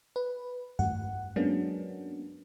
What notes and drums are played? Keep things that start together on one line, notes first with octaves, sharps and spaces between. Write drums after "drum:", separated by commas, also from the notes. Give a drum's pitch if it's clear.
B4
F#5, drum: tom G2
F#3 G#3 A#3 B3 C#4 D4